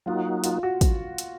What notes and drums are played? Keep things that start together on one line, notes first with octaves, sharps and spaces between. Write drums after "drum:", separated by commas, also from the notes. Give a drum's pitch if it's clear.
F#3 A#3 D#4 F4 F#4
F4, drum: hi-hat
F#4
drum: kick, hi-hat
drum: hi-hat